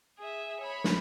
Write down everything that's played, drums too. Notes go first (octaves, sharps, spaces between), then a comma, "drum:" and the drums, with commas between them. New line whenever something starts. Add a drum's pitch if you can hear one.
G#4 E5
C#5 B5
drum: snare